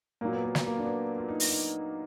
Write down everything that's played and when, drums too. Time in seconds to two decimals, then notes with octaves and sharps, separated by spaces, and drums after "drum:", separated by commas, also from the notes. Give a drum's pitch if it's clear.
0.21 A#2 F#3 A#3
0.33 B3
0.43 A#3
0.55 B3, drum: snare
0.66 A#3
0.78 D4
0.86 B3
1.18 F4
1.28 D#4
1.40 drum: open hi-hat
1.50 D#4